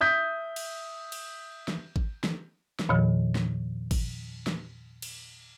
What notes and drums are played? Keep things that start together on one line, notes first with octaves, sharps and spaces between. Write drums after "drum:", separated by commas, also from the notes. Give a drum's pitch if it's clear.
E5 D#6 G6 B6
drum: cymbal
drum: cymbal
drum: snare
drum: kick G#1
drum: snare
drum: snare
E2 A#2 D#3 F3
drum: snare
drum: kick G#1, cymbal
drum: snare
drum: cymbal